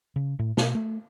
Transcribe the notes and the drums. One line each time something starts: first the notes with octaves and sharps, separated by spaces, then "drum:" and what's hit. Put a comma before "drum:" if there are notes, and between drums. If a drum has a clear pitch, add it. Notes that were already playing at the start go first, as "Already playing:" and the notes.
C#3
A2
B2, drum: snare
A3